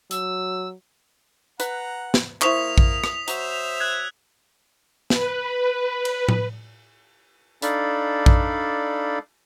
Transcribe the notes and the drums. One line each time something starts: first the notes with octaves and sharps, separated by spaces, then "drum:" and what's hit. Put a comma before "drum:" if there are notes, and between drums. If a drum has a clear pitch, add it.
F#3 E6, drum: hi-hat
B4 F#5 A#5, drum: hi-hat
drum: snare
A#3 E4 C5 C#6 D#6 B6 F7, drum: clap
drum: kick A#1
D#6, drum: rim click
F#3 C5 E5, drum: hi-hat
E6 F#6 G#6
B4, drum: snare
drum: cymbal
drum: tom A2
D4 D#4 A4 D5 F5 B5, drum: hi-hat
drum: kick A#1